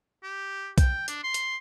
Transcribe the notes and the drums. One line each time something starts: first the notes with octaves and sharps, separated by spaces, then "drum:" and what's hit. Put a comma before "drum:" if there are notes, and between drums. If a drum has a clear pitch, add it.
G4
G5, drum: kick B1, hi-hat
D4, drum: hi-hat
C6
drum: hi-hat